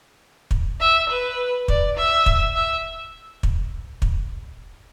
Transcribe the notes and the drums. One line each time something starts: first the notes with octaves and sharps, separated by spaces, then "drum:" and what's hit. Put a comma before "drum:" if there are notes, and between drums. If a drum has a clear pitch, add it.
drum: kick
E5
B4
D5, drum: kick
E5
drum: kick
E5
drum: kick
drum: kick